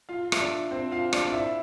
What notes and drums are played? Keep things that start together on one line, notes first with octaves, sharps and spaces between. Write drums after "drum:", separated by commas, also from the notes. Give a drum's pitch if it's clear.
F4 F5
E5, drum: rim click
D4 D5
C4 C5
F4 F5
D4 D5, drum: rim click
D5
E4 E5